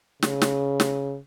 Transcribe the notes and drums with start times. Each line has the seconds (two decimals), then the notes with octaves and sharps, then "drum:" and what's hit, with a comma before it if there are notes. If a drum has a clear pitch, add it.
0.22 C#3, drum: snare
0.42 drum: snare
0.80 drum: snare